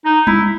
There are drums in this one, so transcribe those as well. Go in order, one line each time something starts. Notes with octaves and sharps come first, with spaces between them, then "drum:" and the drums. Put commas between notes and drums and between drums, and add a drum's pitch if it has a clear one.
D#4
E4, drum: tom G3